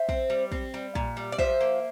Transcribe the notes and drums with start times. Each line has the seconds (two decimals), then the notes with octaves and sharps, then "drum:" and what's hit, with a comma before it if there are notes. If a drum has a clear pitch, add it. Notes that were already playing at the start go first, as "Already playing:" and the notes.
Already playing: C5 E5
0.09 C4, drum: kick
0.30 G3
0.52 C4, drum: kick
0.74 G3
0.95 A#2, drum: kick
1.17 G3
1.32 D5
1.38 F3 C5 E5, drum: kick
1.61 A#3